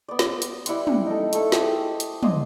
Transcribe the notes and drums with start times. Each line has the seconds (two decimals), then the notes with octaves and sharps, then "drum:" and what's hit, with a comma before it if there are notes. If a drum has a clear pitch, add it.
0.08 B3 D5
0.19 drum: snare
0.42 drum: hi-hat
0.66 G3 E4 F#5 C6, drum: hi-hat
0.87 drum: tom
1.06 D#4 A4
1.33 A3 E4 A4, drum: hi-hat
1.52 G4 G#4 C5, drum: snare
2.00 drum: hi-hat
2.23 D5 D#5 C6 D#6, drum: tom